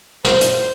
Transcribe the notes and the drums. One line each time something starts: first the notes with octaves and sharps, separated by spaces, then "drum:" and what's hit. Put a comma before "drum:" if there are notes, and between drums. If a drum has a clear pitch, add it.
C5, drum: snare
drum: hi-hat